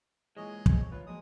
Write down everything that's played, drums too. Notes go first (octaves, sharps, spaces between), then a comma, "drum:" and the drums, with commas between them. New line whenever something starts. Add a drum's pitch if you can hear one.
A#2 E3 G#3 G#4 C#5 D#5
F2, drum: kick
D#3 F4 B4 C#5
F3 F#3 G#3 A#3 D#6